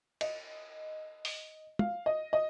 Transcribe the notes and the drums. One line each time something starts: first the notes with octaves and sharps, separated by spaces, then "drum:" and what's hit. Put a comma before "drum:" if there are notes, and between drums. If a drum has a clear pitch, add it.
D#5, drum: cymbal
drum: open hi-hat
F5, drum: tom
D#5
D#5